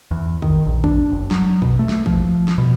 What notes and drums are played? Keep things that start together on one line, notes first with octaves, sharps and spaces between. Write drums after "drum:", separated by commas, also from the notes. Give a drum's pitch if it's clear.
E2
D#3, drum: kick
A#1
D4, drum: kick
F#1
F#3, drum: snare
B2, drum: kick
A3
drum: snare
F3, drum: kick
drum: snare
B2